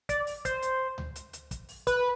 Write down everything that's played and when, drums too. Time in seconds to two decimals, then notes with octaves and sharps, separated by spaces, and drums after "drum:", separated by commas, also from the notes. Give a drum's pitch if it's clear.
0.09 D5, drum: kick, hi-hat
0.27 drum: open hi-hat
0.45 C5, drum: kick, hi-hat
0.62 drum: hi-hat
0.98 drum: tom D2
1.16 drum: hi-hat
1.33 drum: hi-hat
1.51 drum: kick, hi-hat
1.69 drum: open hi-hat
1.87 B4, drum: kick, hi-hat